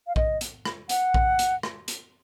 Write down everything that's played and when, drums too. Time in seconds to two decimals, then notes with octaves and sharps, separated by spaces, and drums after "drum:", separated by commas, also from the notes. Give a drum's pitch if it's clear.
0.07 F5
0.16 D#5, drum: kick A#1
0.41 drum: hi-hat
0.65 drum: rim click
0.89 F#5, drum: hi-hat
1.14 drum: kick A#1
1.39 drum: hi-hat
1.63 drum: rim click
1.88 drum: hi-hat